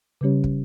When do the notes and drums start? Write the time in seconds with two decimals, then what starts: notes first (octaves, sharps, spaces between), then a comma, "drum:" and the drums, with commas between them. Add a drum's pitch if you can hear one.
0.21 C#3 G3 C#4 G4 C#5
0.44 drum: kick